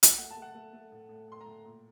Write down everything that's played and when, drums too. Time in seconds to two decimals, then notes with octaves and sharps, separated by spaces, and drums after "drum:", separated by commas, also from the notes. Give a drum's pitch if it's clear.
0.03 drum: hi-hat
0.18 A3 F#5
0.31 A5
0.37 A3
0.42 F#5
0.55 A3
0.73 A3
0.92 A2
1.09 A2
1.28 A2 C6
1.41 A#5
1.46 A2
1.64 A#2